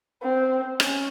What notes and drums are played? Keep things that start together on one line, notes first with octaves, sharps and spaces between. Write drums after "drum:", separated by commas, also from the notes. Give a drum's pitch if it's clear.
C4
C#4, drum: rim click